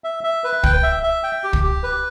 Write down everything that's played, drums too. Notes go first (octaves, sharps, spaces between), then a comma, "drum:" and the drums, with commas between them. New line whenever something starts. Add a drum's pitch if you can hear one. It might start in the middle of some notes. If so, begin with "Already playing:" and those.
E5
E5
B4
G5, drum: kick
E5
E5
G5
G4
drum: kick
G4
B4